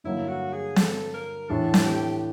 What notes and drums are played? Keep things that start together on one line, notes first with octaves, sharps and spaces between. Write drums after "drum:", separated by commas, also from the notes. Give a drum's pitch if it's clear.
G2 D3 F#3 A#3 E4
F#4
G#4
A4, drum: snare
A#4
A2 E3 A3 D4 A4
drum: snare
G4